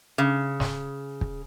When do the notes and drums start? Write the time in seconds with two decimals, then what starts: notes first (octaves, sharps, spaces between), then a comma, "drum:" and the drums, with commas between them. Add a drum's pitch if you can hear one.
0.18 C#3
0.60 drum: snare
1.21 drum: kick